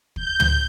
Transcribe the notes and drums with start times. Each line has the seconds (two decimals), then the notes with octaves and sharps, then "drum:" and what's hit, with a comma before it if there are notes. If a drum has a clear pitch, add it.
0.16 G6, drum: kick
0.40 drum: tom